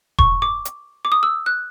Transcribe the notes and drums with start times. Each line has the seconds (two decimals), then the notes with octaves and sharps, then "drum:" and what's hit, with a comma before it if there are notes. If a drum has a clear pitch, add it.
0.19 C#6, drum: kick E1
0.42 D6
0.65 drum: hi-hat
1.05 D6
1.12 D#6
1.23 E6
1.46 F#6